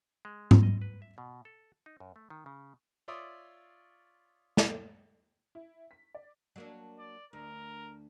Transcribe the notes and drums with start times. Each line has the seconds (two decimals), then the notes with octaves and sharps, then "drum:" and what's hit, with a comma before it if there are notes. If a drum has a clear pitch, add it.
0.25 G#3
0.51 drum: tom G#2
0.63 D#5
0.82 B4
1.02 E5
1.18 B2
1.45 A4
1.86 D#4
2.00 F#2
2.16 A3
2.30 D#3
2.46 C#3
3.08 F4 C#5 D5 E5 C6 D#6
4.57 drum: snare
5.55 E4
5.91 B6
6.15 D5
6.56 F#3 A#3 D4
6.99 D5
7.33 D2 A#4